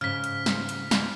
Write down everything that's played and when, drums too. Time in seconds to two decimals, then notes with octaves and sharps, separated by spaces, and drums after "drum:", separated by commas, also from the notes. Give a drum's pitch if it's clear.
0.01 G#2 C#3 F6 B6
0.24 drum: hi-hat
0.46 drum: snare
0.69 drum: hi-hat
0.91 drum: snare